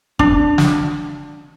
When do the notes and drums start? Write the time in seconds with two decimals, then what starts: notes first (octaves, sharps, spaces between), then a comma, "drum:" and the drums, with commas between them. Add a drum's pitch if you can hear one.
0.19 D4, drum: kick
0.58 drum: snare